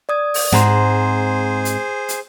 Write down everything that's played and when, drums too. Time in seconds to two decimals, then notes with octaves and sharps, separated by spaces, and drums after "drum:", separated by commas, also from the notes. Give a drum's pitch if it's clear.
0.09 D5 D#6 G#6
0.34 drum: open hi-hat
0.52 G#2 C4 G#4 C5 F#5 A#5 C6, drum: snare
1.65 drum: hi-hat
2.09 drum: hi-hat